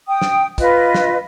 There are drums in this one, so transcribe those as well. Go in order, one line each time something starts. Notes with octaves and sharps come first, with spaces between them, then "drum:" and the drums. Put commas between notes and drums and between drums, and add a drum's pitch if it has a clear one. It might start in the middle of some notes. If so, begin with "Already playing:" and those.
G5 D#6
drum: snare
F4 B4 D#5, drum: kick, hi-hat
drum: snare